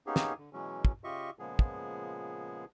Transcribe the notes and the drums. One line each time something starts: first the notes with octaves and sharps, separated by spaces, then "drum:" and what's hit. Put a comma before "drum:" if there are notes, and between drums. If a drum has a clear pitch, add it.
A#3 B3 C#4 D#4 G4 G#4
drum: snare
D3
B2 E3 F#3 G#3 C#4
drum: kick
C#3 F4 G4 D#5 E5 C#6
A#2 C#3 F3 G#3 B3 G#4
drum: kick